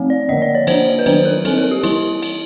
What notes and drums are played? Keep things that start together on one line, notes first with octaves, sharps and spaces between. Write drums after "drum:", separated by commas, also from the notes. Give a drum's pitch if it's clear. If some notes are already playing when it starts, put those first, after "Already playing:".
Already playing: F3 A3 C4
D5
D3 F3 A#3 D#5
D5
C#5
F3 A#3 D4 C5, drum: cymbal
B4
D#3 F#3 B3 D4 C5, drum: cymbal
A#4
G3 C4 A4, drum: cymbal
A#4
G4
E3 G3 E4, drum: cymbal
drum: cymbal